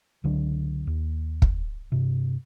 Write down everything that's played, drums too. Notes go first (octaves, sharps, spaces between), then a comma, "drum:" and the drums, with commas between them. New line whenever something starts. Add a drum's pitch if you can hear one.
C#2 D3 F#3 D4
D#2
drum: kick
G2 C3